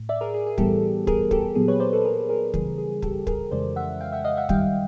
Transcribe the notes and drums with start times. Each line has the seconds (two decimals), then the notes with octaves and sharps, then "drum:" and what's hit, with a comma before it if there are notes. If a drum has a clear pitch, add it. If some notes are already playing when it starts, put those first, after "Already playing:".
Already playing: A2
0.09 D5 E5
0.21 G#4 A#4
0.34 G#4
0.46 G#4
0.58 A2 E3 G3 B3 G4 A4, drum: kick
1.07 G#4 A#4, drum: kick
1.31 G4 A4, drum: kick
1.56 A#2 F#3 B3 G#4
1.68 B4 C#5
1.80 C5 D5
1.93 A4 B4
2.05 G#4 A#4
2.29 G#4 A#4
2.54 C#3 E3 G3 G#4, drum: kick
2.78 G#4
3.02 G4 A4, drum: kick
3.27 G#4 A#4, drum: kick
3.51 F2 C#3 E3 G#3 C5 D5
3.76 E5 F#5
4.01 F5 G5
4.12 E5 F#5
4.25 D#5 F5
4.37 E5 F#5
4.49 F#2 D#3 G3 F5 G5, drum: kick